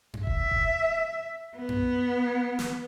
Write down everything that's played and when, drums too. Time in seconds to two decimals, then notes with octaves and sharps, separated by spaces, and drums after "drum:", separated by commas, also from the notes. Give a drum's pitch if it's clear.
0.14 drum: tom F#2
0.27 E5, drum: kick E1
0.51 drum: kick E1
1.57 B3
1.69 drum: tom F#2
2.59 drum: snare